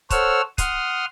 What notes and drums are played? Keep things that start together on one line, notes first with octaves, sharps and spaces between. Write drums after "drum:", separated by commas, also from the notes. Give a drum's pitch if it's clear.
A4 C5 C#5 F#5 E6 F6, drum: kick, hi-hat
F#5 C6 D#6 F6, drum: kick, hi-hat